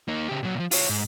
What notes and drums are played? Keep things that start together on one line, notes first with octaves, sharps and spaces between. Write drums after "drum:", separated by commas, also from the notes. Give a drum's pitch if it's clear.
A#3 D#4
C#3 G4
A#2 F#3
A2 F3
F4 C#5, drum: open hi-hat
G#2